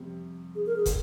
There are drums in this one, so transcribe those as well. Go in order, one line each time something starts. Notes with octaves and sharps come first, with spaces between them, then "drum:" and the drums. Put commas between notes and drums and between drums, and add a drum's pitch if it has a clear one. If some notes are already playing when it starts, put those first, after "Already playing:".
Already playing: F2 C3 G3
G#4
A#4
G#4
drum: kick, hi-hat